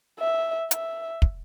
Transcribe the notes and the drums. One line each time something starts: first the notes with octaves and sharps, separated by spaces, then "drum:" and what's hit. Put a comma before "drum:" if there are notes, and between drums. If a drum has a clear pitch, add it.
E5
E5, drum: hi-hat
drum: kick